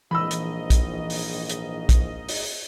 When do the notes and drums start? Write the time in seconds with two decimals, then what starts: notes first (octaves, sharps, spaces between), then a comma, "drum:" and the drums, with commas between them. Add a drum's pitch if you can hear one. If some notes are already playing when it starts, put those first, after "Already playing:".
0.11 A#1 G#2 E3 D#5 B5 E6
0.31 drum: hi-hat
0.70 drum: kick, hi-hat
1.10 drum: open hi-hat
1.49 drum: hi-hat
1.89 drum: kick, hi-hat
2.29 drum: open hi-hat